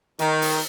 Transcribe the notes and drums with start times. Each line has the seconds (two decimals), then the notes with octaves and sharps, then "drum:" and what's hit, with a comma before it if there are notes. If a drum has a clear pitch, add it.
0.19 D#3, drum: hi-hat
0.42 drum: open hi-hat